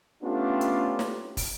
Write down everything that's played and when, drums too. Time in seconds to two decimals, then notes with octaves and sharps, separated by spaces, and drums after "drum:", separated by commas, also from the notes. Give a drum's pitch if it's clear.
0.23 A3 B3 C#4 D4 F4 G4
0.61 drum: hi-hat
0.99 drum: snare
1.37 drum: kick, open hi-hat